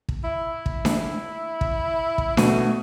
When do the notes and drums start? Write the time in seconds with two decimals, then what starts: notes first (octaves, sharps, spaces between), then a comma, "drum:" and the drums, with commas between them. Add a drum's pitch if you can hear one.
0.09 drum: kick
0.24 E4
0.66 drum: kick
0.85 drum: snare D4
1.61 drum: kick
2.18 drum: kick
2.37 B2 A3 F#4 D#7, drum: snare D4